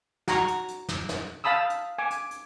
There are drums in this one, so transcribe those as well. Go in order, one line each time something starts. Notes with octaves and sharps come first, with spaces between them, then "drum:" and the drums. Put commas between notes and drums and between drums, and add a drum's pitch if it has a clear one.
F#4 A#5 C#6, drum: snare
drum: hi-hat
drum: hi-hat
drum: snare
drum: snare
F5 A5 B5 D#6 E6
drum: hi-hat
G#5 D6
drum: hi-hat
drum: hi-hat